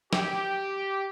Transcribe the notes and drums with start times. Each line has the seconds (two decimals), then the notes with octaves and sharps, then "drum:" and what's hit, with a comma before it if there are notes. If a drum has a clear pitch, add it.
0.13 G4, drum: snare